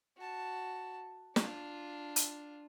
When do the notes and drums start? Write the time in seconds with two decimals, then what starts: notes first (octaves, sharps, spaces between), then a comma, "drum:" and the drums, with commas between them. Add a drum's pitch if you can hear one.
0.17 F#4 A5
1.36 D4 F4, drum: snare
2.16 drum: hi-hat